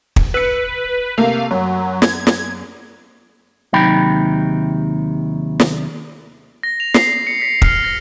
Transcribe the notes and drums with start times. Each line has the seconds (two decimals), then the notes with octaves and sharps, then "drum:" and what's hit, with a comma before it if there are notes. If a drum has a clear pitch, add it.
0.16 drum: kick
0.34 B4 E6 C#7
1.18 C3 A3 A#3 F5
1.51 F#2 F#3
2.02 G#6, drum: snare
2.27 drum: snare
3.73 D#2 C3 F#3 D#4 G5 B5
5.60 drum: snare
6.63 A#6
6.80 F7
6.94 C7, drum: snare
7.27 C#7
7.42 B6
7.62 F6, drum: kick
7.84 A#6